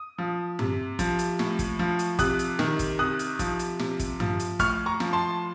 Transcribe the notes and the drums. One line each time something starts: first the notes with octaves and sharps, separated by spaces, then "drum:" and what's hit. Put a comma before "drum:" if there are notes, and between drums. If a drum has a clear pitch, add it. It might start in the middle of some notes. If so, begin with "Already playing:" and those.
Already playing: D#6
F3
C3, drum: tom G2
F3, drum: kick, hi-hat
drum: hi-hat
A2, drum: snare
drum: kick, hi-hat
F3
drum: hi-hat
C3 D#6 F#6, drum: kick, hi-hat
drum: hi-hat
D#3, drum: snare
drum: kick, hi-hat
C3 D#6 F#6
drum: hi-hat
F3, drum: kick, hi-hat
drum: hi-hat
C3, drum: snare
drum: kick, hi-hat
F3, drum: tom G2
drum: hi-hat
A2 C#6 F6, drum: kick, hi-hat
A#5 C#6
F3, drum: snare
A5 C6